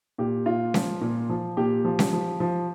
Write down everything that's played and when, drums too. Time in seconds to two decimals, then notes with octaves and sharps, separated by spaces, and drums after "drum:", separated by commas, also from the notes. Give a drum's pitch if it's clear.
0.18 A#2 G4
0.46 A#2 F4
0.74 F3, drum: snare C#4
1.01 A#2
1.29 F3
1.57 A#2 G4
1.85 F3
1.99 drum: snare C#4
2.13 F3
2.40 F3